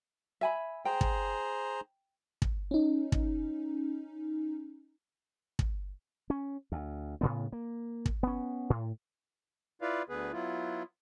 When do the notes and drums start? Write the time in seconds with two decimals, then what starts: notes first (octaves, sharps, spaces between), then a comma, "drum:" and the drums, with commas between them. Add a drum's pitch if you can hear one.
0.41 E5 G#5 B5
0.85 G#4 C5 G5 A#5
1.01 drum: kick
2.42 drum: kick
2.71 C#4 D#4
3.12 drum: kick
5.59 drum: kick
6.30 C#4
6.72 D2
7.21 A2 C#3 B3
7.52 A#3
8.06 drum: kick
8.23 B3 C#4
8.70 A2
9.82 E4 F4 B4 D5 F5
10.09 D2 D3 B3 G#4 B4
10.33 F#3 B3 E4 F4